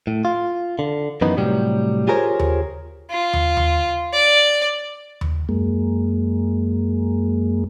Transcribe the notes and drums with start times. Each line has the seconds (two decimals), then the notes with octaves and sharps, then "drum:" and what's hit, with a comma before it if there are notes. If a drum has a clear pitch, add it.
0.07 A2
0.25 F4
0.79 D3
1.21 F#2 D#3 E3 B3 D#4
1.37 A2 C3 F#3 G3
2.08 F4 G4 G#4 A#4 C5 C#5
2.40 drum: tom D#2
3.10 F4
3.33 drum: tom D#2
3.57 drum: tom D#2
4.13 D5
5.21 drum: tom D#2
5.49 F#2 G#3 A#3